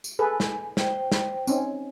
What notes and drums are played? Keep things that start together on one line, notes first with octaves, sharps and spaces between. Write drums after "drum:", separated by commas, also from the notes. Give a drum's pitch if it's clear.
drum: tambourine
G#4 A4 B4 G#5
drum: snare
C5 G5, drum: snare
drum: snare
C4 C#4 D#4, drum: tambourine